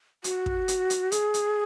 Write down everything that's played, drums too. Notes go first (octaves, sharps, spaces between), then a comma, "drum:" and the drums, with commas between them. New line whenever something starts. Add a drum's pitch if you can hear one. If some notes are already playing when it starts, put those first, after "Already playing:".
F#4, drum: hi-hat
drum: kick
drum: hi-hat
drum: hi-hat
G#4, drum: hi-hat
drum: hi-hat